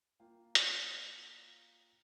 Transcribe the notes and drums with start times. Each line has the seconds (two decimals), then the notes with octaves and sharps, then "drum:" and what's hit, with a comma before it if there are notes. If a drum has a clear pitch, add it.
0.20 A#3 F4 G5
0.55 drum: hi-hat